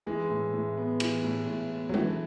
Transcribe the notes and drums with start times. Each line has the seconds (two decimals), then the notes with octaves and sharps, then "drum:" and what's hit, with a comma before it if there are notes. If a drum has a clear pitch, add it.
0.06 E3 G#3
0.30 A2
0.54 A2
0.77 B3
1.00 E3, drum: cymbal
1.24 A2
1.47 A2
1.70 B3
1.89 F#3
1.94 E3 A3, drum: tom G#3